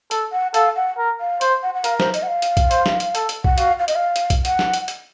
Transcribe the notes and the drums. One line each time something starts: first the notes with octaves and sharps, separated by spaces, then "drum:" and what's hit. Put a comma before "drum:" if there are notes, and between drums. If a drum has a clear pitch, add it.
A4, drum: hi-hat
F#5
A4 F5, drum: hi-hat
F#5
A#4
F5
C5, drum: hi-hat
F#5
F#5
A#4 F5, drum: hi-hat
C5, drum: snare
D#5, drum: hi-hat
F#5
F5
drum: hi-hat
drum: kick B1, hi-hat
C5, drum: hi-hat
drum: snare
drum: hi-hat
A4, drum: hi-hat
drum: hi-hat
F#5, drum: kick B1
F#4 F5, drum: hi-hat
F5
D#5, drum: hi-hat
F5
drum: hi-hat
drum: kick B1, hi-hat
F#5, drum: hi-hat
drum: snare
drum: hi-hat
drum: hi-hat